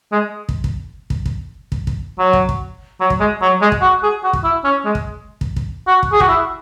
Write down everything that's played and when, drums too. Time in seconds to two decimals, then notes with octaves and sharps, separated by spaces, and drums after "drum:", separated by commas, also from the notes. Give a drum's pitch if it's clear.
0.12 G#3
0.49 drum: kick
0.64 drum: kick
1.10 drum: kick
1.26 drum: kick
1.72 drum: kick
1.87 drum: kick
2.18 F#3
2.33 drum: kick
2.49 drum: kick
3.00 F#3
3.10 drum: kick
3.20 G#3
3.42 F#3
3.62 G#3
3.72 drum: kick
3.81 F#4
4.03 G#4
4.24 F#4
4.33 drum: kick
4.44 E4
4.64 C#4
4.85 G#3
4.95 drum: kick
5.41 drum: kick
5.56 drum: kick
5.87 F#4
6.03 drum: kick
6.12 G#4
6.20 F#4, drum: kick
6.29 E4